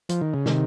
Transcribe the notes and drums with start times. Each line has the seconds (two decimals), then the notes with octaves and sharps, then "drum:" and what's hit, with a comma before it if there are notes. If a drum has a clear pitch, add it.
0.09 F3, drum: hi-hat
0.21 D#3
0.34 C#3
0.46 C3 D#3, drum: snare